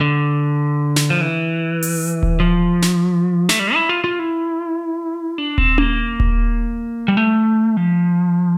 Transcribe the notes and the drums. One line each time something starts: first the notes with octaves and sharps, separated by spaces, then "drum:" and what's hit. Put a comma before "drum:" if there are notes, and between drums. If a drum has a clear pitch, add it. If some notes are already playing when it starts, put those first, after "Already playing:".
D3
drum: snare
F3
E3
drum: open hi-hat
drum: kick D#1
F3
drum: snare
A3, drum: snare
G3
E4
F4
F4
E4
D4
C4, drum: kick D#1
A#3, drum: tom C#4
drum: kick D#1
G3
A3
F3